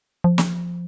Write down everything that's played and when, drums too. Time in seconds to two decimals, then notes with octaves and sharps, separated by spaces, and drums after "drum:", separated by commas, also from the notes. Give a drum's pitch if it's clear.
0.24 F3
0.38 drum: snare